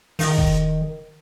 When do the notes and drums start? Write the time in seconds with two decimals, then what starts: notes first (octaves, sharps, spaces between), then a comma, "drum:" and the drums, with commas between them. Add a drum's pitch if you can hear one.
0.19 D#3, drum: open hi-hat
0.38 drum: kick